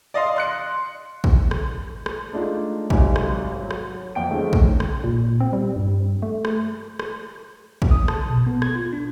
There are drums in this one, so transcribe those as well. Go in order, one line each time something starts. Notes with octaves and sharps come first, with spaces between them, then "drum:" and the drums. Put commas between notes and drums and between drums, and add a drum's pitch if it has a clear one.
D5 D#5 F5 C6
C6 F#6 C#7
drum: kick
drum: rim click
drum: rim click
G#3 A3 D4 D#4 F4
G#1 C3 F#3 D#4 G#5, drum: kick
drum: rim click
F#3
drum: rim click
F2 G5 D7
D#3 F3 G#3 A3 C#4
drum: kick
drum: rim click
A#2
C4
G3
G2
A3
drum: rim click
drum: rim click
drum: kick
D#6
A5, drum: rim click
B2
B3
G#6, drum: rim click
F4
D4